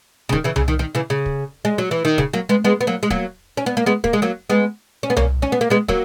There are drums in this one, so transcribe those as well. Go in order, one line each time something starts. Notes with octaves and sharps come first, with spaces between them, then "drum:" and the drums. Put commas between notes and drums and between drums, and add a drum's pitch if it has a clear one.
C#3
D#3, drum: kick
C#3 E3
C#3, drum: tom C2
D#3
D#3
C#3 E3
C#3
drum: kick
G#3
F#3
E3
D#3
C#3, drum: kick
F#3 A#3
G#3 B3
G#3 B3
B3
F#3 A#3
G#3
F#3 A#3, drum: kick
C#4
B3
A#3
G#3 B3
A#3, drum: kick
G#3
F#3 A#3
G#3 B3
C#4
B3
A#3 C#4, drum: tom C2
C#4
B3
A#3
G#3 B3
F#3 A#3, drum: kick